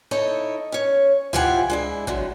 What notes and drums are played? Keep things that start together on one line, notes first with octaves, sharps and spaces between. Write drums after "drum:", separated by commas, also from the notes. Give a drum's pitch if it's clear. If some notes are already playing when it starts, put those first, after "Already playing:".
D#4 E4 A4 C#5 D#5
C#4 C#5
E4 F4 G4 C5 F#5 G#5, drum: tom C#2
G#3 D4 E4
A2 D3 F#3, drum: kick